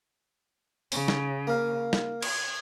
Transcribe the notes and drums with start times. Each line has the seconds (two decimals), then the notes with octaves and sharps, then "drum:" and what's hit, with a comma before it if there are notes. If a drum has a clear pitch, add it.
0.92 C#3, drum: open hi-hat
1.08 drum: snare
1.47 A#3 F5
1.93 drum: snare
2.22 G#6, drum: cymbal